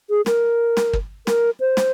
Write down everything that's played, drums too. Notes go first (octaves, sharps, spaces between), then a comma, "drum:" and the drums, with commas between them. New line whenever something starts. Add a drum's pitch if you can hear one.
G#4
A#4, drum: snare
drum: snare
drum: kick
A#4, drum: snare
C5
drum: snare